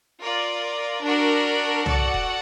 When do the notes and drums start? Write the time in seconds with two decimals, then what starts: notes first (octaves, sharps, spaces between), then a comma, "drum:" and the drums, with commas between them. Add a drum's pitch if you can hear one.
0.21 F4 A#4 D5
1.03 D4 F#4 A#4
1.86 F#4 A4 D5 F#5, drum: tom C2
2.14 drum: kick D#1